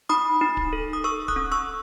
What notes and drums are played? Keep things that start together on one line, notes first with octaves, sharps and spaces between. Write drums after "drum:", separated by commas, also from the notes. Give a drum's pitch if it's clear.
D#4 B5 D#6
D#4
drum: kick D1
A4
D#6
A4 C#6 E6
D#6 F#6, drum: kick D1
C#4
C#6 E6